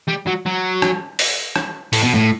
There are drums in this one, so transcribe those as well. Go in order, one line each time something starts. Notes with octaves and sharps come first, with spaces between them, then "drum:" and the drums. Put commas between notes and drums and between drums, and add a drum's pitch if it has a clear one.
G3
F#3
F#3
drum: rim click
drum: open hi-hat
drum: rim click
A2, drum: open hi-hat
B2
A2